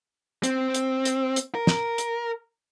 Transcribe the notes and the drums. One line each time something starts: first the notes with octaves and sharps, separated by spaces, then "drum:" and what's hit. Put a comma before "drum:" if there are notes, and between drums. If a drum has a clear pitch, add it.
C4, drum: hi-hat
drum: hi-hat
drum: hi-hat
drum: hi-hat
A#4
drum: snare
drum: hi-hat